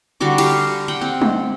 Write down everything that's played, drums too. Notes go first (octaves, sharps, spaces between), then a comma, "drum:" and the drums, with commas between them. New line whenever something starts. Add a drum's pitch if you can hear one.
D3 G3 F#4 D6
G4 F5 A#5, drum: cymbal
F#5 G5
C4
drum: tom G3